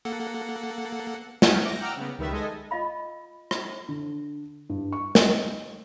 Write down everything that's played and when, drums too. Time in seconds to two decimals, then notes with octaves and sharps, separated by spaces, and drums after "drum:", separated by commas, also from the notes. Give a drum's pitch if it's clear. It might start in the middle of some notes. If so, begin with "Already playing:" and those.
0.05 A#3 A4 F#5
1.42 E5 F#5 G#5 C#6 F6 G6, drum: snare
1.65 D6 A#6
1.79 F#5 G5 A#5 D6 E6 F6
1.96 C#3 B3
2.18 C#2 D#3 G3 B4 E5
2.32 G#3 A4 D#5 G#5
2.71 F4 D#5 F5 B5
3.51 drum: rim click
3.89 D3
4.69 G2
4.92 C#6
5.15 D#5, drum: snare